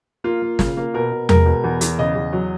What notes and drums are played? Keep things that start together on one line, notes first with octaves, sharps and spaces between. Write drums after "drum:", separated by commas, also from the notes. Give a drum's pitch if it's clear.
A#3 F4
A#3
C#3, drum: snare
A#3
B2 A#4
B2
G#3 A#4, drum: tom E2
B2
E2
E2, drum: hi-hat
C#3 D#5
E2
F#3